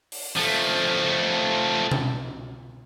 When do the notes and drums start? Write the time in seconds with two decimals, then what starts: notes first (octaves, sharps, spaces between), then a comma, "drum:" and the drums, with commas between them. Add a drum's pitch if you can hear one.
0.12 drum: open hi-hat
0.37 F3 A3
1.91 drum: tom B2